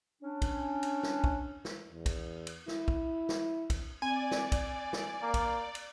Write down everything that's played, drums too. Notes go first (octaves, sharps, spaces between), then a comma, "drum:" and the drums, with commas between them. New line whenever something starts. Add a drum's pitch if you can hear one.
C#4 D4
drum: kick, cymbal
drum: cymbal
drum: snare
drum: kick
drum: snare
E2
drum: kick, cymbal
drum: cymbal
E4, drum: snare
drum: kick
drum: snare
drum: kick, cymbal
C4 D5 G#5
drum: snare
drum: kick, cymbal
drum: snare
A#3
drum: kick, cymbal
drum: cymbal